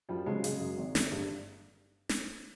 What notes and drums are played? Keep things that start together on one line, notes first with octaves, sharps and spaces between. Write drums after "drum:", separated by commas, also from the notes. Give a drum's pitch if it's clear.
F#2 F3 G3
C#3 F#3 G#3
C#3, drum: hi-hat
F#2
G#1
G1, drum: snare
G2
drum: snare